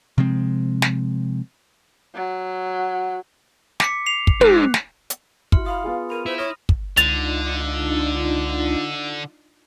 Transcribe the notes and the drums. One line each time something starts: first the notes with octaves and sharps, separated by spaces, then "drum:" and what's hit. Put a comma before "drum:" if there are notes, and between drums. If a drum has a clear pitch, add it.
C3 F3 G#3 C4
drum: snare
F#3
D6 B6 C#7, drum: snare
C7 F7
drum: kick
F2 G#2 F#6, drum: tom
drum: snare
drum: hi-hat
E4 F#4 C6 F6 C#7, drum: kick
F5 B5 C6 D#6
B3 F4 G#4
A#4 B5 D#7 F7
E4 C5 D#7 F7
C#5 D#6 F6 A#6 G7
drum: kick
C#2 D3 D4 D#4 F4 A6 F7, drum: hi-hat